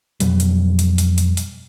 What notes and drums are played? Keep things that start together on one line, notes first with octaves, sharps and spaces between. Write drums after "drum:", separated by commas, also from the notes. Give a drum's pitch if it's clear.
F2 B2 F#3 G3, drum: hi-hat
drum: hi-hat
drum: hi-hat
drum: hi-hat
drum: hi-hat
drum: hi-hat